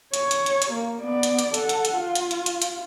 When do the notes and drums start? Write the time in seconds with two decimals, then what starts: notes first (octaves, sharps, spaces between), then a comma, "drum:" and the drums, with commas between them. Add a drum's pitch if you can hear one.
0.14 C#5, drum: hi-hat
0.31 drum: hi-hat
0.46 drum: hi-hat
0.62 drum: hi-hat
0.71 A#3
1.01 B3 D5
1.23 drum: hi-hat
1.39 drum: hi-hat
1.54 A4 F#5, drum: hi-hat
1.69 drum: hi-hat
1.85 drum: hi-hat
1.96 F4
2.15 drum: hi-hat
2.31 drum: hi-hat
2.46 drum: hi-hat
2.62 drum: hi-hat